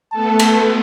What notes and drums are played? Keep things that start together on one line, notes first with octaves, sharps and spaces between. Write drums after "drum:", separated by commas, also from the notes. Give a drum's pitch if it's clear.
A3 B3 A4 A5
drum: cymbal